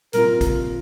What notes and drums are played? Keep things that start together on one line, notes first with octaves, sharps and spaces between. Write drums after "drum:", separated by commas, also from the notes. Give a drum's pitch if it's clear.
A#2 G3 C4 F4 A#4, drum: hi-hat
drum: kick A1, hi-hat